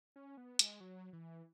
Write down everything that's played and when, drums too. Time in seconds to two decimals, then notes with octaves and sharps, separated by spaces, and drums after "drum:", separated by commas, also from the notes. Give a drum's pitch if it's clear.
0.16 C#4
0.37 B3
0.59 G#3, drum: hi-hat
0.80 F#3
1.13 E3